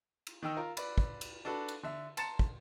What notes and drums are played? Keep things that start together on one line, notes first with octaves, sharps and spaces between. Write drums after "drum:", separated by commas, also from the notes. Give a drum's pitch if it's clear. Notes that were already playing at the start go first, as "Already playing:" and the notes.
drum: cymbal
D#3 D#4 G5 E6
F4 A#4 A#5
B4 D5 B5, drum: cymbal
drum: kick
drum: cymbal
D4 F#4 A4 B4
drum: cymbal
D3 E5
A5 A#5 C6 A6 C#7 E7, drum: cymbal
drum: kick